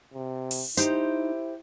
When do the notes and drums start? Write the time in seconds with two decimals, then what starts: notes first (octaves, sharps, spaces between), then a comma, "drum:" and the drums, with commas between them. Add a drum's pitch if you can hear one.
0.14 C3
0.51 drum: open hi-hat
0.77 D#4 E4 G4 C5, drum: hi-hat